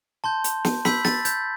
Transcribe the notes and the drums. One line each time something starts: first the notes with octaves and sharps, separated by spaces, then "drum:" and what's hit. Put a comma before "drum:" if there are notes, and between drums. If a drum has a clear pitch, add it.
A5 C6 G6
drum: hi-hat
drum: snare
B5 E6 G6 B6, drum: snare
A6, drum: snare
G6, drum: hi-hat